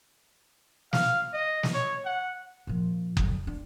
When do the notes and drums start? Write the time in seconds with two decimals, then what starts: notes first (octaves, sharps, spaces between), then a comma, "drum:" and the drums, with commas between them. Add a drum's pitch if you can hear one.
0.93 F5, drum: snare
1.33 D#5
1.63 drum: snare
1.74 C#5
2.05 F#5
2.67 A#2 F3
3.17 F#2 D3, drum: kick F#1
3.47 D4